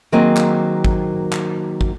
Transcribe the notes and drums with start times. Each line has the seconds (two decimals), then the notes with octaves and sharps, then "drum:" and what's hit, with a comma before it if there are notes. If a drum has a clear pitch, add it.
0.12 D#3 F#3 A#3 C4 G#4 D#5
0.36 drum: clap
0.85 drum: kick
1.33 drum: clap
1.81 drum: kick